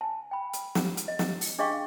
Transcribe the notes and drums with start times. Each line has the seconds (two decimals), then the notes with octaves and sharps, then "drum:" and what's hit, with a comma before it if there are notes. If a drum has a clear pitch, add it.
0.01 G#5 A5
0.31 G5 B5
0.53 drum: hi-hat
0.75 drum: snare
0.97 drum: hi-hat
1.08 D#5
1.19 drum: snare
1.41 drum: open hi-hat
1.59 D4 G#4 D#5 F5 G5 C#6